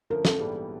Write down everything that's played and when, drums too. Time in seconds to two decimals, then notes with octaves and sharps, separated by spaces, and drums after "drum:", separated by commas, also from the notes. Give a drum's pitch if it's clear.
0.10 F#2 D3 F3 A3 A#4
0.25 A4, drum: snare
0.39 A#1 G#2 E3 G3 B3